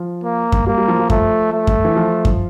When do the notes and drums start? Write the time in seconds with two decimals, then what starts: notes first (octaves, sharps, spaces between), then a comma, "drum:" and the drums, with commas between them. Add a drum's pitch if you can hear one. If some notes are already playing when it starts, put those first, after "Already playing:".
Already playing: F3
0.24 A#3
0.52 drum: kick F#2
0.66 G3 A#3
0.78 G3
0.88 F3
0.99 F3
1.10 A3, drum: kick F#2
1.53 A3
1.67 drum: kick F#2
1.85 E3
1.96 F3
2.25 drum: kick F#2